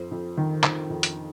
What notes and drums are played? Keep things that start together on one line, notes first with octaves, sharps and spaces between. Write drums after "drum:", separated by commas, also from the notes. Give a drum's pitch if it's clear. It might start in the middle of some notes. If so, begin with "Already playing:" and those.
Already playing: F2 C5
F2
D#3
D#3, drum: clap
F2
drum: hi-hat